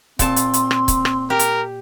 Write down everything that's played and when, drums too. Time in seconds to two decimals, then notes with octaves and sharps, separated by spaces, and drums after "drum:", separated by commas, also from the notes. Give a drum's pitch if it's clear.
0.19 A#2 C4 A5 C6, drum: kick C#1, hi-hat
0.36 drum: hi-hat
0.54 drum: hi-hat
0.71 drum: rim click
0.88 drum: kick C#1, hi-hat
1.05 drum: rim click
1.30 G4 A#4
1.39 drum: hi-hat